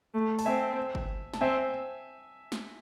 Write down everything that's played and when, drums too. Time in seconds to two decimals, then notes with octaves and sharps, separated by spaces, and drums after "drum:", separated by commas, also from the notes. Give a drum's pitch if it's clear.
0.14 A3
0.39 A5, drum: open hi-hat
0.46 C4 E5 G#5
0.95 drum: kick G1
1.34 A5, drum: snare
1.41 C4 E5 G#5
2.52 drum: snare